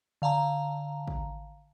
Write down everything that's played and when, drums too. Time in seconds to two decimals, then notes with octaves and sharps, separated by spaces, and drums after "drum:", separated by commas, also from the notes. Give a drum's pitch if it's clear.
0.22 D3 F5 A5 A#5
1.08 drum: kick